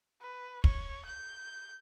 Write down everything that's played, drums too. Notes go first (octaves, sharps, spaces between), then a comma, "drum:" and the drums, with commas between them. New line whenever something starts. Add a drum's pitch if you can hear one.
B4
C#5, drum: kick
G6